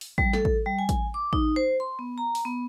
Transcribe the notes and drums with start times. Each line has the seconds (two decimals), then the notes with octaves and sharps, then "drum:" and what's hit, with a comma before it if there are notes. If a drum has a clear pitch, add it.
0.01 drum: open hi-hat
0.18 G3, drum: kick A1
0.33 A4, drum: snare
0.45 drum: kick A1
0.66 G3
0.79 G#5
0.89 drum: kick A1, hi-hat
1.14 D6
1.33 D#4, drum: kick A1
1.56 C5
1.80 C6
1.99 B3
2.18 A#5
2.35 drum: open hi-hat
2.45 B3